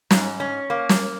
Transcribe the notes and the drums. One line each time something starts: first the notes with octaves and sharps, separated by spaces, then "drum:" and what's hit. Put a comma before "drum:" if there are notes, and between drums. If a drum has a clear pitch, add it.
G#2, drum: snare
C#4
A#3
drum: snare